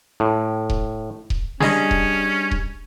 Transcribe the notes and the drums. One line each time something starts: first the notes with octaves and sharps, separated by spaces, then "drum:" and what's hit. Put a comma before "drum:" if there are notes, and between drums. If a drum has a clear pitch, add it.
A2
drum: kick D#1
drum: kick D#1
G3 C#4 D4 G#4 D#5, drum: snare
drum: kick D#1
drum: kick D#1